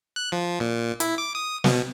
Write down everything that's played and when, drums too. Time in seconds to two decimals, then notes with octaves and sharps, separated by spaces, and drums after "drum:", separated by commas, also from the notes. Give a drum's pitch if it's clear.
0.16 F#6
0.32 F3
0.60 A#2
1.00 E4, drum: hi-hat
1.18 D6
1.35 D#6
1.64 B2, drum: snare